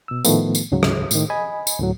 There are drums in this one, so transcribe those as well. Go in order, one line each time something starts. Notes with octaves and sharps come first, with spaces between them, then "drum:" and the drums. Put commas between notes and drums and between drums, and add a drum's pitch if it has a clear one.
B2 E6
A2 D#3 F3 A3 B3, drum: tambourine
drum: tambourine
D2 G#2 C#3 F#3
drum: rim click
A2 D#3, drum: tambourine
D#5 G#5 B5
drum: tambourine
D2 A2 F#3